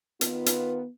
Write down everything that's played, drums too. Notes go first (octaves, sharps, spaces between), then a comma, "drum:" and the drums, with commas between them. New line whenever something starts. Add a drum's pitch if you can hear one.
D#3 B3 F4 B4, drum: hi-hat
drum: hi-hat